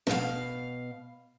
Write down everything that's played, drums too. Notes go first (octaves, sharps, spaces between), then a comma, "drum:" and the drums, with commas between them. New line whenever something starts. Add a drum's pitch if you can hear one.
B2 F5, drum: snare